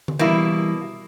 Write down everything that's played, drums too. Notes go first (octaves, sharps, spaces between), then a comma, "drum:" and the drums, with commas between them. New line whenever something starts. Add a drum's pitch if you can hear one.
drum: tom D3
B2 E3 G3 A#3 E4